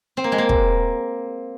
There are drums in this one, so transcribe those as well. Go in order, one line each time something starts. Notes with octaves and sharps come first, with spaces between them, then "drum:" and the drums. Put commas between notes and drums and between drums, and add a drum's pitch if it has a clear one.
C4
A#3
G#3
A#3
drum: kick